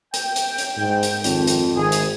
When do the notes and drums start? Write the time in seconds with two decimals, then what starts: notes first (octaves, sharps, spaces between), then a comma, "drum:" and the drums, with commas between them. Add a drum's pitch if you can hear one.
0.14 G5, drum: hi-hat
0.36 drum: hi-hat
0.58 drum: hi-hat
0.77 G#2
1.03 drum: hi-hat
1.24 G#1 F2, drum: hi-hat
1.47 drum: hi-hat
1.74 G#1 G#4
1.92 drum: hi-hat